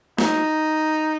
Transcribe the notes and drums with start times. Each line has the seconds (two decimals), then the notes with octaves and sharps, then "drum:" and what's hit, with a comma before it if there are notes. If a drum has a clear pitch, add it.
0.18 D#4, drum: snare